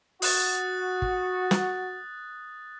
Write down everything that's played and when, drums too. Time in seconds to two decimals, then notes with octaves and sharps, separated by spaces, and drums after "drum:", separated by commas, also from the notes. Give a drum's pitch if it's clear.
0.22 F#4 D#6 F#6 A6, drum: open hi-hat
1.02 drum: kick
1.51 drum: snare